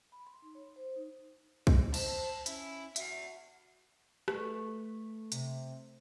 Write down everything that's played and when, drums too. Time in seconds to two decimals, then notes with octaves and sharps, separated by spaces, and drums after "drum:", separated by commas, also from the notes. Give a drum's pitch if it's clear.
0.12 B5
0.27 C6
0.42 D#4
0.55 C#5
0.76 C5
0.96 D#4
1.67 D#5, drum: kick B1
1.94 C5 A5, drum: cymbal
2.46 C#4 E4, drum: hi-hat
2.96 F#4 E5 F#5, drum: hi-hat
4.28 A3 B4, drum: rim click
5.32 C3, drum: hi-hat